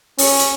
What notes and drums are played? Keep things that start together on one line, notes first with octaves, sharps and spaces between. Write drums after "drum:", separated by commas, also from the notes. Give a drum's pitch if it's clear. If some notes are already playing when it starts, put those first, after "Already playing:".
C#4, drum: open hi-hat
drum: hi-hat